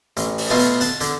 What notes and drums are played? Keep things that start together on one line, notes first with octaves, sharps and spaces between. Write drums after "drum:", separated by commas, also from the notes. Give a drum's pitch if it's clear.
A1, drum: hi-hat
drum: open hi-hat
B2 A3 B3 F4
drum: hi-hat
F#5 A5, drum: hi-hat
D3, drum: hi-hat